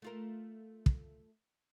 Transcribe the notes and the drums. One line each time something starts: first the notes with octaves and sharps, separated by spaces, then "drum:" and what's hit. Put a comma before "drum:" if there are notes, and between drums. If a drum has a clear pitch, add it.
A3 F4 A#4
drum: kick